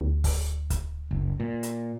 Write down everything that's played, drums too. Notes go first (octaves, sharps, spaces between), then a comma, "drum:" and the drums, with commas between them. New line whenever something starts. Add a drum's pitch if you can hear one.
D2
drum: kick, open hi-hat
drum: kick, hi-hat
F#1
A#2
drum: hi-hat